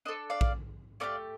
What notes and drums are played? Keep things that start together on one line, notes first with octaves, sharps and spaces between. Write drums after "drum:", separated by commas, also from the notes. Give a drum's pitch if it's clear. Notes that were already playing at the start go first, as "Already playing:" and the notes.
D4 A4 C5 D#5
D5 F5
drum: kick A#1
A3 D#4 G4 D5 F5